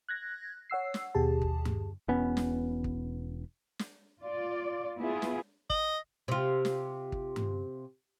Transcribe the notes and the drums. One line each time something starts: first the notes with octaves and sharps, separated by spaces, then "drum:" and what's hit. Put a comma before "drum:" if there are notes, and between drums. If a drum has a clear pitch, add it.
F#6 G#6 A#6
C#5 F#5 E6 C7
drum: snare
D#2 B2 G4 G#4 A5
drum: kick
drum: tom G2
E1 B2 B3 C#4
drum: snare
drum: kick
drum: snare
F4 D5
B3 E4 F4 G#4
drum: snare
D#5, drum: kick
C3 F4
drum: snare
drum: kick
drum: tom G2